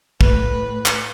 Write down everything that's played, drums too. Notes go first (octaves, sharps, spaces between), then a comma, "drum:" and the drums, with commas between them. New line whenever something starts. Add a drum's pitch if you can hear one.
A2 B4, drum: kick
drum: clap